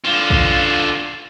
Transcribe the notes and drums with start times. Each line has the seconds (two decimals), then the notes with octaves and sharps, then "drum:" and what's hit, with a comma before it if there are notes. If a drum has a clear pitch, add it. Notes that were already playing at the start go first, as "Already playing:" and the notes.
0.05 D3 F4
0.30 drum: kick